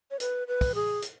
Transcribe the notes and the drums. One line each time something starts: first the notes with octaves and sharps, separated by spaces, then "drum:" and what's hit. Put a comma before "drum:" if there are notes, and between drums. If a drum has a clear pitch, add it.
C#5
B4, drum: hi-hat
B4
drum: kick, open hi-hat
G#4
drum: hi-hat